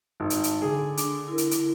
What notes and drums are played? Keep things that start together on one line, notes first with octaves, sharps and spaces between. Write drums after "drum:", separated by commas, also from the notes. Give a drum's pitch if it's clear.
G#1
drum: hi-hat
drum: hi-hat
D3 G#4
D4, drum: hi-hat
E4 A#4
drum: hi-hat
drum: hi-hat